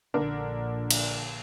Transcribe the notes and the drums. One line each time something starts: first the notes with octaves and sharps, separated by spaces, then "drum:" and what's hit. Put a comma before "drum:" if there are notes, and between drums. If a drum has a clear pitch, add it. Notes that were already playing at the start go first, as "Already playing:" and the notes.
A#1 D3 D4 A#4
drum: cymbal